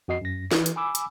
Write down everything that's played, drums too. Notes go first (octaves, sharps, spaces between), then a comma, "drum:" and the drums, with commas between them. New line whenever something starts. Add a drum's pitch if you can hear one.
F2 F#4 D#5 C7
F#2 A#6
E3, drum: snare
drum: hi-hat
G#5 B5 D6 E6
drum: hi-hat